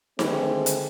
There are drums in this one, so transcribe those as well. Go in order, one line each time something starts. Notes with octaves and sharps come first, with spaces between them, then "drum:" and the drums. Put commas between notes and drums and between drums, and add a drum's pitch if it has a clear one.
D3 D#3 G#3 A3 C4, drum: snare D#4
drum: hi-hat